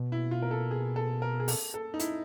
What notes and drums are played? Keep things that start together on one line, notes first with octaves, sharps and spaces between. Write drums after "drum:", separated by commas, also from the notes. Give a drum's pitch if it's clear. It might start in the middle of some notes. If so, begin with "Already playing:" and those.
Already playing: B2
E4
F4
A#4
A4
G#4
A4
A#4
G#4
A4, drum: open hi-hat
A4
D#4
E4, drum: hi-hat